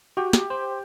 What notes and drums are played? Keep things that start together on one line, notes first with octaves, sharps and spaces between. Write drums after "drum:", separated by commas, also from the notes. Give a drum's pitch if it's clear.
F#4 G4
G4, drum: snare
C5